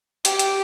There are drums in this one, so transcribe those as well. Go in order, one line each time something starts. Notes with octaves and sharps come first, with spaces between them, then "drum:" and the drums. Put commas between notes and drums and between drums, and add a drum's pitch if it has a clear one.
G4, drum: hi-hat
drum: hi-hat